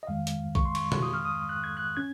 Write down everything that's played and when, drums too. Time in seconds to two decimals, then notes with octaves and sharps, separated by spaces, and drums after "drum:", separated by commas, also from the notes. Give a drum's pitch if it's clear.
0.03 D#5
0.07 F2 D#3 G#3 F5
0.27 drum: hi-hat
0.55 C#6, drum: kick B1
0.65 C6
0.75 C#6, drum: cymbal
0.92 drum: tom B2
1.03 D#6
1.14 F6
1.25 D#6
1.49 F#6
1.64 G#6
1.77 F#6
1.97 C#4 G#6